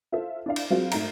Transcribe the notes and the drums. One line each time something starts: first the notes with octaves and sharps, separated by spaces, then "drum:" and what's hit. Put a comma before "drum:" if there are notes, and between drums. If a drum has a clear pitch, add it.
F4 A4 C5 E5 F5
D4 E4 D5 F5
drum: cymbal
F#3 C4 F4 F#4 G#4 C5
G#2 A3 E5 A#5, drum: cymbal